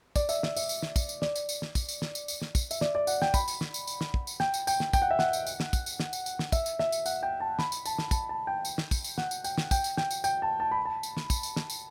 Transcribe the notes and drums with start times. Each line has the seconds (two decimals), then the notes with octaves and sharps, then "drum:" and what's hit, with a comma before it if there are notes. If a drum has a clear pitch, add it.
0.16 D5, drum: kick, tambourine
0.29 E5, drum: tambourine
0.43 E5, drum: snare
0.56 E5, drum: tambourine
0.69 drum: tambourine
0.82 drum: snare
0.96 drum: kick, tambourine
1.09 drum: tambourine
1.22 D5, drum: snare
1.35 drum: tambourine
1.49 drum: tambourine
1.62 drum: snare
1.75 drum: kick, tambourine
1.89 drum: tambourine
2.02 drum: snare
2.15 drum: tambourine
2.28 drum: tambourine
2.42 drum: snare
2.55 drum: kick, tambourine
2.71 E5, drum: tambourine
2.81 D5, drum: snare
2.95 D5
3.07 F#5, drum: tambourine
3.22 G5, drum: snare
3.34 B5, drum: kick, tambourine
3.48 drum: tambourine
3.61 drum: snare
3.74 drum: tambourine
3.87 drum: tambourine
4.01 drum: snare
4.14 drum: kick
4.27 drum: tambourine
4.40 G5, drum: snare
4.54 drum: tambourine
4.67 G5, drum: tambourine
4.80 drum: snare
4.93 G5, drum: kick, tambourine
5.02 F#5
5.11 E5
5.19 F#5, drum: snare
5.33 drum: tambourine
5.47 drum: tambourine
5.60 drum: snare
5.73 drum: kick, tambourine
5.86 drum: tambourine
6.00 drum: snare
6.13 drum: tambourine
6.26 drum: tambourine
6.39 drum: snare
6.52 E5, drum: kick, tambourine
6.66 drum: tambourine
6.79 E5, drum: snare
6.92 drum: tambourine
7.06 F#5, drum: tambourine
7.23 G5
7.40 A5
7.59 B5, drum: snare
7.72 drum: tambourine
7.86 A5, drum: tambourine
7.98 drum: snare
8.11 A5, drum: kick, tambourine
8.29 A5
8.47 G5
8.65 drum: tambourine
8.78 drum: snare
8.91 drum: kick, tambourine
9.05 drum: tambourine
9.18 F#5, drum: snare
9.31 drum: tambourine
9.44 G5, drum: tambourine
9.58 drum: snare
9.71 G5, drum: kick, tambourine
9.84 drum: tambourine
9.97 G5, drum: snare
10.11 drum: tambourine
10.24 G5, drum: tambourine
10.42 A5
10.60 A5
10.71 B5
10.85 A5
11.03 drum: tambourine
11.17 drum: snare
11.30 drum: kick, tambourine
11.43 drum: tambourine
11.56 drum: snare
11.70 drum: tambourine